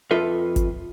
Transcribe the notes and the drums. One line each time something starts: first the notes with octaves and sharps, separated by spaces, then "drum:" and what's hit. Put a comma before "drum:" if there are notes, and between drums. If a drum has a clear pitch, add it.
F2 F4 A4 B4 E5
drum: kick G1, hi-hat